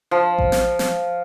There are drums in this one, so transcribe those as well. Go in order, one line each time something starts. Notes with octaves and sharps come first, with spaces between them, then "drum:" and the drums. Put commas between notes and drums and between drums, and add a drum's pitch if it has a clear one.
F3
drum: kick A1
drum: snare
drum: snare